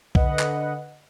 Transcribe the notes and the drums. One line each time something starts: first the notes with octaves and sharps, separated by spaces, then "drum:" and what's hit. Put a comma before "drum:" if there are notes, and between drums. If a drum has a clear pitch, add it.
D3 B4 D#5 F#5, drum: kick B1
drum: clap